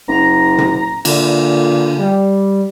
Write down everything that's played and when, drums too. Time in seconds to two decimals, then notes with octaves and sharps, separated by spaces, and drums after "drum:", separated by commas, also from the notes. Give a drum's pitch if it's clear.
0.08 F#1 A#5
0.58 drum: tom
1.05 A#2 D3, drum: cymbal
1.99 G3